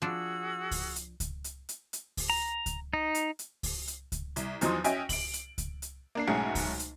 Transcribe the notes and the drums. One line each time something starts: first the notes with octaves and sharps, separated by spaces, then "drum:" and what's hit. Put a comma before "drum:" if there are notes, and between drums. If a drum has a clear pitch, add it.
F3 D4 F#4 G#4 E6
drum: kick C#2, open hi-hat
drum: hi-hat
drum: kick C#2, hi-hat
drum: hi-hat
drum: hi-hat
drum: hi-hat
drum: kick C#2, open hi-hat
A#5
drum: kick C#2, hi-hat
D#4
drum: hi-hat
drum: hi-hat
drum: kick C#2, open hi-hat
drum: hi-hat
drum: kick C#2, hi-hat
C2, drum: hi-hat
E2 F3 F#3 D#4 C6 D#6, drum: hi-hat
C#4 F#4 D#5 E5 G5 G#5, drum: hi-hat
D7 F#7, drum: kick C#2, open hi-hat
drum: hi-hat
drum: kick C#2, hi-hat
drum: hi-hat
A#3 D4 C7
B1 G#2 A3 C#4 G#4 F#5
drum: kick C#2, open hi-hat
drum: hi-hat